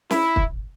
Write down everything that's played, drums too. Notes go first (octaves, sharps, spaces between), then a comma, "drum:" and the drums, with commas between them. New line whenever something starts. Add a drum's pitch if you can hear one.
E4, drum: snare
drum: kick